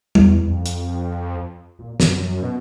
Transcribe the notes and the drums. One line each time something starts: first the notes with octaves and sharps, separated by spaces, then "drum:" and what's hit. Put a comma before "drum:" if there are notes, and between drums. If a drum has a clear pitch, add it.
E2, drum: tom
F2
drum: hi-hat
A#2
F#2, drum: snare
B2